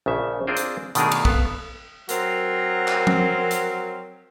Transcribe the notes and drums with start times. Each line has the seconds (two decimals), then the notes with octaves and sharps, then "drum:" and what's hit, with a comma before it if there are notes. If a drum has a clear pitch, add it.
0.06 A#1 C#3 E5
0.47 C4 D4 F4 G#4 A#4 C5
0.57 drum: hi-hat
0.95 B2 D#3 A3 D4 G#4 A#4, drum: hi-hat
1.12 drum: cymbal
1.25 B3 A4 F5, drum: kick
2.09 F#3 C4 A#4, drum: hi-hat
2.88 drum: clap
3.07 drum: tom F3
3.51 drum: hi-hat